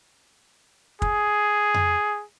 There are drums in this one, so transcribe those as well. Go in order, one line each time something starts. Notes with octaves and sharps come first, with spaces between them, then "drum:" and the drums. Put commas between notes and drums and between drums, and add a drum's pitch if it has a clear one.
G#4, drum: kick
drum: tom F2